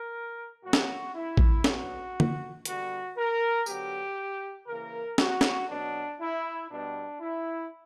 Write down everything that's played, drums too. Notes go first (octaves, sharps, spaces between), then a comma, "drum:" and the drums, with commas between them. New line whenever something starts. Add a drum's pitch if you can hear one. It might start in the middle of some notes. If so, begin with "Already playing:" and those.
Already playing: A#4
A#2 F#3 A#3 F#4
drum: snare
E4
drum: kick A1
D3 F#3 B3 F#4, drum: snare
drum: tom D3
D3 G3 B3 F#4, drum: hi-hat
A#4
D3 F#3 B3 G4, drum: tambourine
C#3 E3 A#3 A#4
F#4, drum: snare
drum: snare
B2 F#3 B3 D4
E4
B2 G3 B3 D4
E4